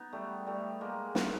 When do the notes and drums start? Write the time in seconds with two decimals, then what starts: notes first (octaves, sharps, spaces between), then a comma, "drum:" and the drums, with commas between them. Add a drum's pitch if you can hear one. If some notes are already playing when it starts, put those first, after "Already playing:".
Already playing: B3 D#4
0.13 G3 A3
0.47 G3 A3
0.81 G#3 A#3
1.15 A3 B3, drum: snare